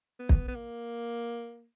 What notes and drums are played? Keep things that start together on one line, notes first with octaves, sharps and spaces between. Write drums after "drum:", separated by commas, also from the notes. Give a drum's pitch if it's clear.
B3
drum: kick
B3
A#3